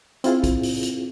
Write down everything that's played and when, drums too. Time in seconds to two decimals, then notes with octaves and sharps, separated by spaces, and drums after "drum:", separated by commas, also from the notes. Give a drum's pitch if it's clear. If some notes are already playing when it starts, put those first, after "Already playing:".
0.24 C4 E4 F4 G#4, drum: hi-hat
0.44 drum: kick, hi-hat
0.63 drum: open hi-hat
0.83 drum: hi-hat